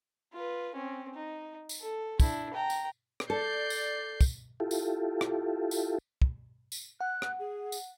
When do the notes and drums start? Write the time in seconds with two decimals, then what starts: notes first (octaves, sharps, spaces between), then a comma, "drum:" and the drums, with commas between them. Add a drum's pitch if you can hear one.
0.33 F4 B4
0.75 C4 C#4
1.14 D#4
1.69 drum: tambourine
1.81 A4
2.20 D4 E4, drum: kick, tambourine
2.54 G5 A#5
2.70 drum: tambourine
3.20 drum: rim click
3.30 A4 D5 G6 C7
3.70 drum: tambourine
4.21 drum: kick, tambourine
4.60 E4 F4 G4 A4
4.71 drum: tambourine
5.21 drum: rim click
5.71 drum: tambourine
6.22 drum: kick
6.72 drum: tambourine
7.01 F#5 F#6
7.22 drum: rim click
7.40 G#4
7.72 drum: tambourine